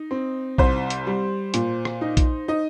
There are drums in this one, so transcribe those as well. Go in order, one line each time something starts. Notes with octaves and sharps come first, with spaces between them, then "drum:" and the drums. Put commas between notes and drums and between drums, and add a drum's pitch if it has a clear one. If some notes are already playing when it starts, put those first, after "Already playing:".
Already playing: D#4
C4
C2 C5, drum: kick
drum: hi-hat
G3
A#2, drum: hi-hat
drum: rim click
D#4
drum: kick, hi-hat
D#4 D#5